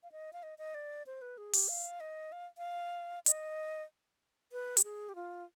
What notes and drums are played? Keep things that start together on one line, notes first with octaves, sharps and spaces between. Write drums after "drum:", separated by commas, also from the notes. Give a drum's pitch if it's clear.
F5
D#5
F5
D#5
D#5
D5
C5
B4
G#4
G4, drum: open hi-hat
F5
D#5
F5
F5
D#5, drum: hi-hat
B4
G4, drum: hi-hat
G#4
G4
F4